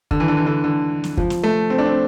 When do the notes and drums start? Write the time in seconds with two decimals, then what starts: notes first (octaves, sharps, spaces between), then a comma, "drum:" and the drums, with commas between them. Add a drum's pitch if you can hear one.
0.11 D3, drum: kick
0.20 E3
0.28 D3
0.37 E3
0.46 D3
0.64 D3
1.04 drum: snare
1.17 F3, drum: kick
1.30 drum: snare
1.43 A3
1.70 C4
1.78 D4
1.86 C4